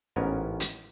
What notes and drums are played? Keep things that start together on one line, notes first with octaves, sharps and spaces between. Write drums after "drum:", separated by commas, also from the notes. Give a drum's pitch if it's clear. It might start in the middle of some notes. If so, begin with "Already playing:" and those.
A1 G#2 B3 C#4 A#4 G#5
drum: hi-hat